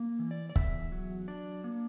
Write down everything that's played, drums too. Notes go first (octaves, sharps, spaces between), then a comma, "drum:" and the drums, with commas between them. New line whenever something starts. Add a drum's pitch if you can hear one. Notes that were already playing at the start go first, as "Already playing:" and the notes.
Already playing: A#3
E3
D5
D5
E2 E5, drum: kick C#1
F#3
D4 D5
A#3